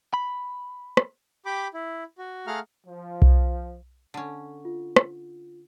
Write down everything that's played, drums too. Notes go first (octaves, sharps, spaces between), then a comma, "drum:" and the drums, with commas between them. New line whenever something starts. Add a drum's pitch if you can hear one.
B5
drum: rim click
G4 G5 B5 D6
E4
F#4
A3 G#4 F5 F#5 A#5 F6
F3
drum: kick B1
D3 C#4
F4
drum: rim click